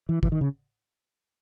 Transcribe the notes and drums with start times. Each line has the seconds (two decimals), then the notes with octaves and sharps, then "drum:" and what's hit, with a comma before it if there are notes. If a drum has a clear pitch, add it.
0.09 E3
0.23 E3, drum: kick
0.32 D#3
0.41 C#3